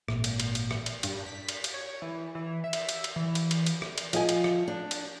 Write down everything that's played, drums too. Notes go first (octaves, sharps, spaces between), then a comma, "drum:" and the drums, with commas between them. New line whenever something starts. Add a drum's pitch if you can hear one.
G#1 A#2, drum: rim click
drum: cymbal
drum: cymbal
drum: cymbal
drum: rim click
drum: cymbal
G2, drum: cymbal
B6
drum: cymbal
drum: cymbal
C#5
E3
E3
E5
drum: cymbal
drum: cymbal
drum: cymbal
E3
drum: cymbal
drum: cymbal
drum: cymbal
drum: rim click
drum: cymbal
F3 D#5 G#5, drum: cymbal
drum: cymbal
drum: rim click
D4
drum: cymbal